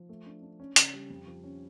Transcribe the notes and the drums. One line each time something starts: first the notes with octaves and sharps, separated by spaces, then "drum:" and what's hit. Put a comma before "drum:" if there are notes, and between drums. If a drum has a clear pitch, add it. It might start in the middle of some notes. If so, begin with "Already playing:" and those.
Already playing: F3
A3
D4
D4
C#4
C#3, drum: hi-hat
G3
F2
F3
C#4